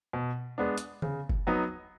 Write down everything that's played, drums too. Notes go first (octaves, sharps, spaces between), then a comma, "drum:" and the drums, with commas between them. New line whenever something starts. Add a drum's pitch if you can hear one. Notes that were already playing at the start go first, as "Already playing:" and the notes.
B2
G#3 B3 D4
drum: hi-hat
C#3, drum: tom D3
drum: kick F#1
F#3 B3 D#4